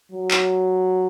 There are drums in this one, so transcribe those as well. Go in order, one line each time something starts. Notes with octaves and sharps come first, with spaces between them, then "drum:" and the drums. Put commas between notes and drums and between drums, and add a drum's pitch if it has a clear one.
F#3
drum: clap